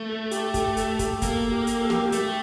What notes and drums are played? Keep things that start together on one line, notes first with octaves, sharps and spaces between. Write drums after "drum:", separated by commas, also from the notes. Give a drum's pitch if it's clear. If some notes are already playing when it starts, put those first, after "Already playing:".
Already playing: A3
A4
G4, drum: hi-hat
G4, drum: kick, hi-hat
A4, drum: hi-hat
G4, drum: kick, hi-hat
A#3 A4, drum: kick, hi-hat
G4
drum: hi-hat
A4
G4, drum: snare
G4
A3, drum: hi-hat